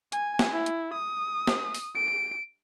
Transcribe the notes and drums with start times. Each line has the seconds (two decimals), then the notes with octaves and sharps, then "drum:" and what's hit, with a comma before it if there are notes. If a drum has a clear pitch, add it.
0.12 G#5, drum: hi-hat
0.39 drum: snare
0.52 E4
0.66 drum: hi-hat
0.94 D#6
1.47 drum: snare
1.75 drum: open hi-hat
1.95 D7